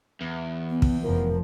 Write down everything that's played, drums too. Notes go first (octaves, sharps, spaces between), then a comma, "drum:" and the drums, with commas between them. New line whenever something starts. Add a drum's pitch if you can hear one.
E2
B3
drum: kick
F1 F3 A#4